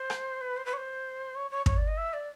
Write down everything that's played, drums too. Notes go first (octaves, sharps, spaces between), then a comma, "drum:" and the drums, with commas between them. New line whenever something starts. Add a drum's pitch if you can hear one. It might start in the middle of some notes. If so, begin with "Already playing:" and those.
Already playing: C5
drum: rim click
B4
C5
B4
C#5
C5
C#5
C#5
C#5, drum: kick
D5
D#5
E5
D5